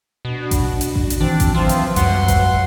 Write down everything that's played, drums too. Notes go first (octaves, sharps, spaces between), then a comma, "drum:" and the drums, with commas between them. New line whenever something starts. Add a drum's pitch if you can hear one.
B2 D4 F#4
drum: kick A1, hi-hat
drum: hi-hat
drum: kick A1
drum: hi-hat
D#3 E3 C4 D4
drum: kick A1, hi-hat
F3 F#3 C4 F4 B4 E5
drum: hi-hat
C#2 F#2 G3 F#5 C6, drum: hi-hat
drum: kick A1, hi-hat